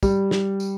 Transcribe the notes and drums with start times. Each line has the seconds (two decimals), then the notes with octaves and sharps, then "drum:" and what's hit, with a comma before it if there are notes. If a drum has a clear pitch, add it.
0.03 G3, drum: kick, tambourine
0.31 drum: snare
0.60 drum: tambourine